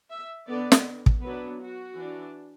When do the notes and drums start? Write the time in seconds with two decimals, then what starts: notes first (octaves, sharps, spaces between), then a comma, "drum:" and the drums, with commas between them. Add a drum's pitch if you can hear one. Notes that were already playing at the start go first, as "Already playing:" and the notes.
0.09 E5
0.46 D3 B3 D4 D5
0.72 drum: snare
1.06 drum: kick
1.23 F#3 B3 D4 B4
1.59 F#4
1.97 E3 D4